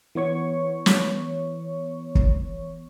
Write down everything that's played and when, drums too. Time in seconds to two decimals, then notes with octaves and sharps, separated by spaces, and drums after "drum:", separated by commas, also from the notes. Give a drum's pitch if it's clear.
0.15 E3 B3 C#5 C#6
0.86 drum: snare
2.15 drum: kick